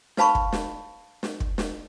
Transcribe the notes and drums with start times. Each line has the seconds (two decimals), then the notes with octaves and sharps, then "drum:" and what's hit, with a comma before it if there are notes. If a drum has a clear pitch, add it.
0.17 B4 C5 F5 A5 B5 C#6, drum: snare
0.35 drum: kick
0.52 drum: snare
1.23 drum: snare
1.40 drum: kick
1.58 drum: snare